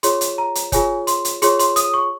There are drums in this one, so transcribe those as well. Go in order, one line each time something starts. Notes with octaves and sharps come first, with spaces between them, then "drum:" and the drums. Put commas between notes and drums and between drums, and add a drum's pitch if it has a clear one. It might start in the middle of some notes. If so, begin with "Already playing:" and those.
F4 G#4 C#5 C6, drum: hi-hat
drum: hi-hat
A#5
drum: hi-hat
F4 G#4 C#5 G#5, drum: kick F#1, hi-hat
C6, drum: hi-hat
drum: hi-hat
F4 G#4 C#5 C6, drum: hi-hat
C6, drum: hi-hat
D#6, drum: hi-hat
C#6